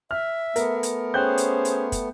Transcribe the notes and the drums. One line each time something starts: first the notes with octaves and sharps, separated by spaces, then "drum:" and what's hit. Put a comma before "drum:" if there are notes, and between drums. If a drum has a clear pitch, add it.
E5 F6
A3 B3 A#4, drum: hi-hat
drum: hi-hat
C#4 G#4 C5 G5 F#6 G6
drum: hi-hat
drum: hi-hat
drum: kick, hi-hat